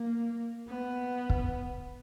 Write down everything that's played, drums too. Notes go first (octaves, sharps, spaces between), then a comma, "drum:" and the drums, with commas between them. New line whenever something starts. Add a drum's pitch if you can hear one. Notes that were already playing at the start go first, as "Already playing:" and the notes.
Already playing: A#3
B3
drum: kick